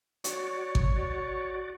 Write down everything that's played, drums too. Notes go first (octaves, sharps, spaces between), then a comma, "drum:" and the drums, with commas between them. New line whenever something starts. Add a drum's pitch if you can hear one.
F#4 C#5 D5, drum: hi-hat
drum: kick G#1
F#4 D5